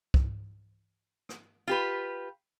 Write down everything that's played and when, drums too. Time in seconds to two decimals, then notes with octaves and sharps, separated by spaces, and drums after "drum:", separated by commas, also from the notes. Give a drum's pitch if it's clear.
0.14 drum: kick
1.29 drum: rim click
1.67 F4 G4 B4